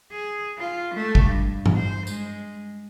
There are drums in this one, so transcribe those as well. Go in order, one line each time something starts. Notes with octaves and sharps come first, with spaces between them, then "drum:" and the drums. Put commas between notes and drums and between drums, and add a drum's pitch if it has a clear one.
G#4
F4
A3
drum: kick
G2
drum: tom G2
C5
G#3, drum: tambourine